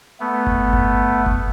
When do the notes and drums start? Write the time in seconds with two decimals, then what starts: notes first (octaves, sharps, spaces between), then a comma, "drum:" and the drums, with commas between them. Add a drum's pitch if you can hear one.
0.20 A3 B3
0.47 drum: kick G1
0.73 drum: kick G1
1.26 drum: kick G1